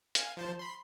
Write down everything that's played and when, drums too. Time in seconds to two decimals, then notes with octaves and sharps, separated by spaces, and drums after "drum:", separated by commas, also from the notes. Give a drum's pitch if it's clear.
0.15 F5 G#5, drum: hi-hat
0.37 F3 C5 A5
0.59 B5 C6